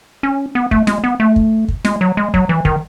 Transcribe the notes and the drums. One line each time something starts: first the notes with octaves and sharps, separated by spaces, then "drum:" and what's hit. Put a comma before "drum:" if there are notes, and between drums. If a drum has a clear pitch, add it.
C#4
B3
A3, drum: kick
G#3, drum: snare
B3
A3
drum: kick
drum: kick
G#3, drum: snare
F#3
G#3
F#3, drum: kick
E3
D#3, drum: kick